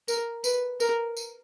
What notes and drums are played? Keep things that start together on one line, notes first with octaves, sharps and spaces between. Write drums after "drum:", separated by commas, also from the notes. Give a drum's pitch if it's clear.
A#4, drum: tambourine
B4, drum: tambourine
A#4, drum: tambourine
drum: tambourine